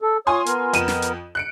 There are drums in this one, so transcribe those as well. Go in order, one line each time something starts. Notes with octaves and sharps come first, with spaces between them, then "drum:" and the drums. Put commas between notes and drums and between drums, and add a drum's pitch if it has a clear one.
A4
F4 C#5 G#5 C6 D#6
B3 A#4, drum: hi-hat
F2 D#7 E7, drum: hi-hat
drum: snare
drum: hi-hat
F#6 C#7 D7